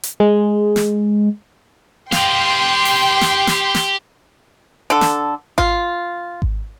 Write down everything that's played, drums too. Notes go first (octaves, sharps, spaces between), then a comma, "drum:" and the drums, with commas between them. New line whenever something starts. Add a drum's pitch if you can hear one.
drum: hi-hat
G#3
drum: snare
G4 F5 G5 C6, drum: snare
drum: open hi-hat
drum: snare
drum: snare
drum: snare
D3 A4
drum: snare
F4, drum: kick G#1
drum: kick G#1